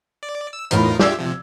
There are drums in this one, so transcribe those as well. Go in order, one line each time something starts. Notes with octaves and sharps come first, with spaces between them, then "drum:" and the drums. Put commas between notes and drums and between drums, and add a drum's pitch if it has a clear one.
D5
E6
E2 A2 D#4 F4 A#4 B5, drum: hi-hat
F4 G4 E5 D6 E6 G#6, drum: snare
C3 F3